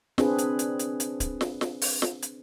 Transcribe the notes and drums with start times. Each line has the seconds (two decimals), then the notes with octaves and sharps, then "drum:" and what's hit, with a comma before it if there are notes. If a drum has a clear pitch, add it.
0.18 C4 D4 G#4 B4, drum: snare
0.38 drum: hi-hat
0.59 drum: hi-hat
0.79 drum: hi-hat
1.00 drum: hi-hat
1.20 drum: kick D1, hi-hat
1.41 drum: snare
1.61 drum: snare
1.82 drum: open hi-hat
2.02 drum: snare
2.22 drum: hi-hat